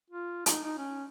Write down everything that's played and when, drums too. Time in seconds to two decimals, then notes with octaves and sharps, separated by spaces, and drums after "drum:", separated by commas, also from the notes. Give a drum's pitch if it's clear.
0.10 F4
0.46 D#4, drum: hi-hat
0.64 D#4
0.78 C#4